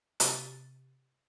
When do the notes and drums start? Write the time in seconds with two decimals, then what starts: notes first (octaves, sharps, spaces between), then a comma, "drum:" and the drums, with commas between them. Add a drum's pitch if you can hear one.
0.20 C3 A6 D#7, drum: hi-hat